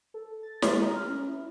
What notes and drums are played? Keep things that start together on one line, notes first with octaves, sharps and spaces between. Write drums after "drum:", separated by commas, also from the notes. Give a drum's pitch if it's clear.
A4
A6
G#3, drum: snare
A#5
F6
C#4
E4